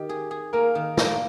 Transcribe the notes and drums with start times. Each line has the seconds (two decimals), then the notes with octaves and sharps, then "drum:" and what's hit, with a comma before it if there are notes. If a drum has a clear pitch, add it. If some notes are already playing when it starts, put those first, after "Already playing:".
Already playing: D#3 G4
0.09 G#4
0.31 G#4
0.53 A#3 A#4
0.75 D#3
0.97 A#3, drum: snare